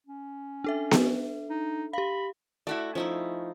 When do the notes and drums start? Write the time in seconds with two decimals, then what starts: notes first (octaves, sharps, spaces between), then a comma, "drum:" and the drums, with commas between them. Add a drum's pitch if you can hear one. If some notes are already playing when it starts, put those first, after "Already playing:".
0.07 C#4
0.64 D4 A4 E5
0.91 drum: snare B3
1.50 D#4
1.93 G4 F5 B5
2.67 A3 E4 F#4 D5
2.95 F3 C#4 D#4 E4